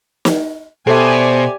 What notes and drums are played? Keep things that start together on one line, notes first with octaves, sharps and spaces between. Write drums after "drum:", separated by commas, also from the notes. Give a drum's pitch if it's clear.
drum: snare
B2 G4 A4 C5 D5 E5 G#5